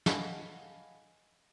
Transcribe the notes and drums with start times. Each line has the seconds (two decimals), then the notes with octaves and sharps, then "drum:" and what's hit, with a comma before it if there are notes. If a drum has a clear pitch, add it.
0.06 D#5 F5 F#5 G#5 A5 B5, drum: snare